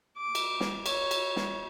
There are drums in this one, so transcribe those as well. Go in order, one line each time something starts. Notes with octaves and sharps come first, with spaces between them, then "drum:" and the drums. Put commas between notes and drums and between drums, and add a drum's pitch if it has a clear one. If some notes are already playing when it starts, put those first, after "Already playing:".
D6
drum: cymbal
drum: snare
C#5, drum: cymbal
drum: cymbal
drum: snare